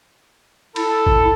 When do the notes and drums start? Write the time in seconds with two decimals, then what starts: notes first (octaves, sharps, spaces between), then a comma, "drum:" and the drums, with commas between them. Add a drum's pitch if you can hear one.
0.76 E4 A4, drum: cymbal
1.07 drum: kick A1